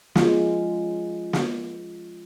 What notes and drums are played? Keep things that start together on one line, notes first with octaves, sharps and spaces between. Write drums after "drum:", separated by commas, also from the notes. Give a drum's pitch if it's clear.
F3 G#3 C#4 F4, drum: snare
drum: snare